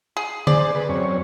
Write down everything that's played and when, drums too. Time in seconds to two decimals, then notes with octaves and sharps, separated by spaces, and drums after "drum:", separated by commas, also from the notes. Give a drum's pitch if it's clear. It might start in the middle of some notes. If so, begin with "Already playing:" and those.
0.17 G#4
0.47 G#4 C5 D5, drum: tom D3
0.75 G#4 B4
0.89 F#2 C4 C#5